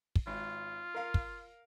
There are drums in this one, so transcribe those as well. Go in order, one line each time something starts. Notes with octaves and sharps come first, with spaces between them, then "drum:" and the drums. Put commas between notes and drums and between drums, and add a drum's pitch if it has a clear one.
drum: kick
G#1 F4
A#4 F5
drum: kick